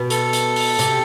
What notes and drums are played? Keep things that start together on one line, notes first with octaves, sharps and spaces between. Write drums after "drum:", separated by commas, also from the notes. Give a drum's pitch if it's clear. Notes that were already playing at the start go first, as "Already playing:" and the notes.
Already playing: B2
A4, drum: hi-hat
drum: hi-hat
drum: open hi-hat
C3, drum: hi-hat